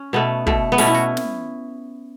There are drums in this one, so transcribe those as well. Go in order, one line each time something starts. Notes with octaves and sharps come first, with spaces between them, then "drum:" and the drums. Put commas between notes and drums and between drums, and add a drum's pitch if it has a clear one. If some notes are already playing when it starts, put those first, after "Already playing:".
Already playing: C#4
B2 A3 B3
B2 A3, drum: kick
B3
B2 A3 C#4, drum: open hi-hat
E4
F#4
drum: snare